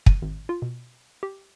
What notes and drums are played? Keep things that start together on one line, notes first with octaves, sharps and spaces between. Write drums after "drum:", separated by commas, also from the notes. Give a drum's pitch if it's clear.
D#7, drum: kick
G#1
F4
B2
G4